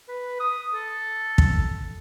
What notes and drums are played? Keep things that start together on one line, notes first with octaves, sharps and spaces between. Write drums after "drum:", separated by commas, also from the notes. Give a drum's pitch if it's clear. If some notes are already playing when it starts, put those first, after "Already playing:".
B4
D#6
A4
drum: kick